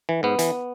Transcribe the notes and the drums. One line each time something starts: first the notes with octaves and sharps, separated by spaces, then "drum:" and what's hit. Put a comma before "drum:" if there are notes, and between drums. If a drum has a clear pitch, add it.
E3
G#2 B3
E3, drum: hi-hat